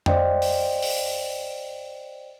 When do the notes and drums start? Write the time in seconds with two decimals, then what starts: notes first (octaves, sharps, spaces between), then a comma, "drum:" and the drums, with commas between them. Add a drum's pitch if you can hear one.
0.06 C5 D5 D#5 F5 G5, drum: tom F2
0.42 drum: open hi-hat
0.82 drum: open hi-hat